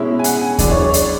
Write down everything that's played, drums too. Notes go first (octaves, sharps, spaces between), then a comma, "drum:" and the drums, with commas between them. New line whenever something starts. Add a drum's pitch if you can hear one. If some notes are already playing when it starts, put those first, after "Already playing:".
Already playing: B2 G#3 C#4 E4 E5
G#5
F#5, drum: hi-hat
G#5
F#2 E3 G#3 D4 D5, drum: kick D#2, hi-hat
C#5
C#5
D5, drum: hi-hat